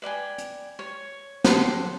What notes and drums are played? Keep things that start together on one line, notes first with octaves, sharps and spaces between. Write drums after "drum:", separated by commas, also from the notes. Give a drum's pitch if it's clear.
B4 D5 G5 G#5
drum: hi-hat
C#5
G4 A4 C5 F#5, drum: snare